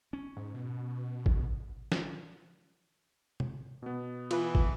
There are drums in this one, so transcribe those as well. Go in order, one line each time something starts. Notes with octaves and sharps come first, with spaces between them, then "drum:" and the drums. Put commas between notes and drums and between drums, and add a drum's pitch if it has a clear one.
C#4
G#2
B2
drum: kick
drum: snare
drum: tom
B2 B3
E3 F4 B4, drum: cymbal
drum: kick